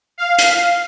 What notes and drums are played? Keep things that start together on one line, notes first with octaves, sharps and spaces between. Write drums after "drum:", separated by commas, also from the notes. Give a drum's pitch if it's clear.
F5
drum: hi-hat